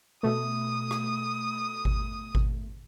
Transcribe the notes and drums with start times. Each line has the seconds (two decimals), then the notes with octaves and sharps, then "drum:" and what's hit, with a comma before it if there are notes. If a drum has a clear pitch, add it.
0.23 B2 A3 D#6
0.91 drum: rim click
1.85 drum: kick G#1
2.35 drum: kick G#1